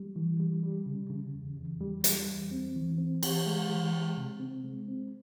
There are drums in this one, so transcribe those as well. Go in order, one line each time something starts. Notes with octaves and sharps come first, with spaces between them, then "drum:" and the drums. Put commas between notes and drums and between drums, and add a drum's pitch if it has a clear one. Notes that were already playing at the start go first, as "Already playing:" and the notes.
Already playing: G3
E3
G3
G3
C#3
C#3
E2
E2
G3
G3, drum: hi-hat
E2
C4
E3
C4
E3, drum: cymbal
G#3
E3
G#3
C3
C4
G#3
C4